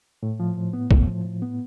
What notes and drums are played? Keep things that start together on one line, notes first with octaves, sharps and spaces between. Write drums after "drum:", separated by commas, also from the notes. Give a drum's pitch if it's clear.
A2
F3
A2
B3
A2, drum: kick
F3
A2
B3